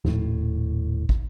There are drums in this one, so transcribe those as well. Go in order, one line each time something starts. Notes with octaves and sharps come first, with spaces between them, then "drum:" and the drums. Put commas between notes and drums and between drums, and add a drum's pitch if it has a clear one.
D#1 A2, drum: tom F3
drum: kick